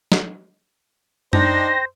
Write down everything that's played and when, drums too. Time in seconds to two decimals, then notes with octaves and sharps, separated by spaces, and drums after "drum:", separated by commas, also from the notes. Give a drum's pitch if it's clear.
0.12 drum: snare
1.33 D4 D#4 C5 G5 A#6, drum: tom F#2